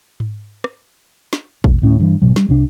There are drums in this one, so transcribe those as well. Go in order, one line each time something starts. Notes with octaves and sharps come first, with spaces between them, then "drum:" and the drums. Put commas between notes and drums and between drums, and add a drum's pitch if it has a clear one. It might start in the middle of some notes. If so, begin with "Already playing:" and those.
drum: tom G#2
drum: rim click
drum: snare
E1, drum: kick A1
D1 A2 C#4
G2 E3
G#1 E2 B2 F#3
G3, drum: snare
C2 C3 D4